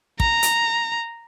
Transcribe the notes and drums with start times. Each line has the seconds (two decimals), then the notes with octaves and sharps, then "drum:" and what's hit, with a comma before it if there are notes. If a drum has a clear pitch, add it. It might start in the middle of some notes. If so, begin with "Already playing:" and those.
0.20 A#5, drum: kick
0.43 drum: hi-hat